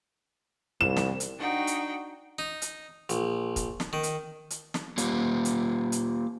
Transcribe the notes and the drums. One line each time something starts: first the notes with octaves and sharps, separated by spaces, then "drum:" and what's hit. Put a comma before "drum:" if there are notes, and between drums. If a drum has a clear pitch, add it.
C2 E7
drum: snare
drum: hi-hat
D4 D#4 F#4 G5
drum: hi-hat
D#4
drum: hi-hat
A#1, drum: hi-hat
drum: kick, hi-hat
drum: snare
D#3
drum: hi-hat
drum: hi-hat
drum: snare
A#3 F4 G4, drum: hi-hat
drum: hi-hat
drum: hi-hat